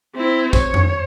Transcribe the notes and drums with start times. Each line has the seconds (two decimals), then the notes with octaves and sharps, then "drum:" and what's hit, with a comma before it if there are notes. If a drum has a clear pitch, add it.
0.15 C4 E4
0.53 C#5, drum: kick, tambourine
0.74 drum: tom F2